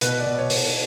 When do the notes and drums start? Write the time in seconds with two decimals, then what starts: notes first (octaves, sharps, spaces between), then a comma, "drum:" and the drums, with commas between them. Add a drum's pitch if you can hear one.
0.01 B2 B4, drum: hi-hat
0.19 D5
0.26 B2
0.38 C#5
0.50 B2, drum: open hi-hat